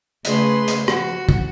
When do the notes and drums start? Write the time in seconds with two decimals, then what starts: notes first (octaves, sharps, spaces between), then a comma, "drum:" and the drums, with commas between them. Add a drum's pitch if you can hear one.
0.25 C#3 A3 G#4 B4 C6, drum: hi-hat
0.68 drum: hi-hat
0.88 F3 F#4, drum: rim click
1.29 drum: kick